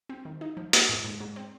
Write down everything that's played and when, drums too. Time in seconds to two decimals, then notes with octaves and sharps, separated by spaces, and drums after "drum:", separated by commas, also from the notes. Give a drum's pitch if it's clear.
0.09 C4
0.25 D#3
0.41 D#4
0.57 F3
0.73 A#3, drum: hi-hat
0.89 G#2
1.04 G#2
1.20 G#2
1.36 C4